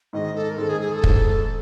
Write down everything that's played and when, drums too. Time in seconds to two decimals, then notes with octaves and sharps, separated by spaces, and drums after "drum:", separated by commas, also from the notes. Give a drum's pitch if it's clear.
0.13 G#2 D#3 G#3 D#5
0.35 A4
0.50 A#4
0.58 G#2 D#3 G#3 A4
0.69 G#4
0.81 G#4
0.92 A4
1.04 G#2 D#3 G#3, drum: kick